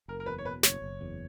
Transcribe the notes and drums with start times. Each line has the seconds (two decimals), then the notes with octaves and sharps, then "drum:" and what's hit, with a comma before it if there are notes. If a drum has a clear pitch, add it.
0.08 F#1 A#4
0.20 A#4
0.26 E2 B4
0.38 C#5
0.45 B2 B4
0.63 F#1 C#5, drum: snare
0.82 F#1
1.01 E2